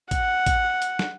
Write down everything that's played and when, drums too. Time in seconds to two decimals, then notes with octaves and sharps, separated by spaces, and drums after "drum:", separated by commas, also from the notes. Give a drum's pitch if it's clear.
0.11 F#5, drum: kick, hi-hat
0.46 drum: kick, hi-hat
0.82 drum: hi-hat
0.99 drum: snare